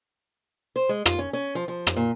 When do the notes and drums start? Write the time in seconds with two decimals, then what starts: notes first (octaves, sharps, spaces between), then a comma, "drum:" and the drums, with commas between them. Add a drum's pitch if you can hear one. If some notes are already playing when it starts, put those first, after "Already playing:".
0.76 C5
0.89 G#3
1.06 F4, drum: rim click
1.19 C#4
1.33 C#4
1.55 F3
1.68 F3
1.87 drum: rim click
1.96 A#2